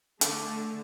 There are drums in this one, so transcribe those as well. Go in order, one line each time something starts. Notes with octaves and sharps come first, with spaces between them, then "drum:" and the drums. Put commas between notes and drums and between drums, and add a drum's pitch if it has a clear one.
D3 A3, drum: hi-hat